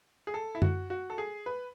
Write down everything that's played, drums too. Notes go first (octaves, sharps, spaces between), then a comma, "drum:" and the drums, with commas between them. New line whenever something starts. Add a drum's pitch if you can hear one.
G#4
A4
E4
F#4, drum: tom F#2
F#4
A4
G#4
B4